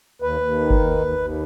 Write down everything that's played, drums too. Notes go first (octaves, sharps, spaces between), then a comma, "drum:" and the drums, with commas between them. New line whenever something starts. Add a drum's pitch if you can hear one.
D#2 B4
D#2
D#3
drum: kick G1
D#2
D#2
D#2